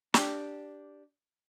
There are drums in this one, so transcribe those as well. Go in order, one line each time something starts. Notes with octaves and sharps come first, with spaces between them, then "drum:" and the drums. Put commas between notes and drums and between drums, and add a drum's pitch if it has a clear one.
D4 G4, drum: snare